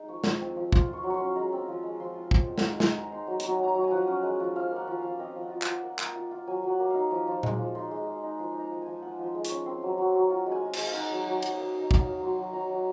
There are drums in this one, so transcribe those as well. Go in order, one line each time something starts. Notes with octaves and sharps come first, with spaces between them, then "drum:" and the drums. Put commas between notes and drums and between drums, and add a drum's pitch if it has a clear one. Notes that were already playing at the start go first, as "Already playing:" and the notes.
Already playing: G#3 D#4
F3 C#6
F3, drum: snare
C4
F3
F4 C6, drum: kick
F4 C#6
F#3
C6 C#6
C#4
G#3 A#5
C4
F3
G#3
F3 C6
F4
F4, drum: kick
C4
F#5, drum: snare
D#4 F5
G#3 F#5, drum: snare
G#3 A#5
D#4 C6
F#3 C6
F#3 A#5, drum: hi-hat
G#5
F#3 A#5
F#3
G#5
F3 F#5
C#4
G#3
F3
F3 F5
A#3 F#5
F3
F5
F3
C4 D#5
F3
F#5
F4
F4 F#5, drum: clap
A#3
A#3, drum: clap
F4
F4
F#3 G#5
F#3 F#5
A#3
D#4 F5
F3
F3
G#3, drum: tom A#2
F3
D#4 C6
G#3
G#3
D#4
F3 C6
D#4
A#5
F3
F3 G#5
F4 F#5
F3 C6
G#3
C#6, drum: hi-hat
C#4
C4 C6
F#3
F#3
F#3
F4
G#3
G#5
G#3
G#3 G#5, drum: cymbal
F5
D#4 F#5
F#3
F#3
F#5
F#3, drum: cymbal
D#5
A#3 F5
D#4
D#5
F#3, drum: kick
F5
F#3
F#3 C6
F#3
F#3 A#5
F#3